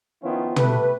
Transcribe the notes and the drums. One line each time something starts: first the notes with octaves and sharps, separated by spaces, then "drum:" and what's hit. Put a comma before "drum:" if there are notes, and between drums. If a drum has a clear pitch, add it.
D#3 F3 B3 C#4 E4 F4
A3 G4 A4 B4, drum: tom